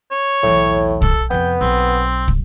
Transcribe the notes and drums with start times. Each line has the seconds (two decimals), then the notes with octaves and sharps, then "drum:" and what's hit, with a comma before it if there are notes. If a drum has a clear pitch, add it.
0.11 C#5
0.43 B1 E2 A2
1.02 A4, drum: kick
1.31 F2 C3 B3 G5
1.61 B1 C4
2.28 drum: kick